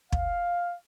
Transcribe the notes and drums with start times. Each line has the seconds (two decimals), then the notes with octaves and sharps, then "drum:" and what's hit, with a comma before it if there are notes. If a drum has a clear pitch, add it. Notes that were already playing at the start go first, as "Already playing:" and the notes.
0.12 F5, drum: kick